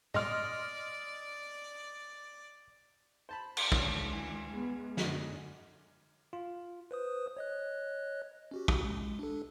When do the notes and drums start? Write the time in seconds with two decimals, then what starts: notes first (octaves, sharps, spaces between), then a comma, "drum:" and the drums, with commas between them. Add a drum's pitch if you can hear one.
0.14 D5 D#5 C6 F6, drum: tom
3.29 C5 A5 B5
3.57 drum: cymbal
3.72 D2 D#3 G#3 C#4, drum: kick
4.13 E3
4.50 G#3 B3
4.97 F#2 D3 D#4 F#4 G#4, drum: snare
6.33 F4
6.91 B4 C5 D#6
7.37 C#5 D#5 F#6
8.51 C#4 F#4 G4
8.68 drum: kick
8.84 G#3
9.19 D4 A4